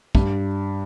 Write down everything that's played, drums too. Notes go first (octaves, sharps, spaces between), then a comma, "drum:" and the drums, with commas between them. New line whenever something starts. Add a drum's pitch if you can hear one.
G2, drum: kick